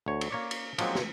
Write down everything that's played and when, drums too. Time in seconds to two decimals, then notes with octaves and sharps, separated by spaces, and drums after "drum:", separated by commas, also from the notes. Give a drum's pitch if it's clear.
0.06 D2 C#5
0.21 drum: cymbal
0.31 A#3 C#5 D5
0.51 drum: cymbal
0.78 F3 F#3 G#3 A#3 C4, drum: cymbal
0.95 drum: snare